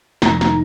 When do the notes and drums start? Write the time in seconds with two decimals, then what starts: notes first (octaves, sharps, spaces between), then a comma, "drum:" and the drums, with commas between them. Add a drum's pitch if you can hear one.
0.22 F1 A#5, drum: snare
0.41 D#3, drum: snare